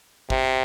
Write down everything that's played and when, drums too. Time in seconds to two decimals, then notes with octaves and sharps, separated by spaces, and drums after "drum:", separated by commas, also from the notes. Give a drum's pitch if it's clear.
0.30 C3, drum: kick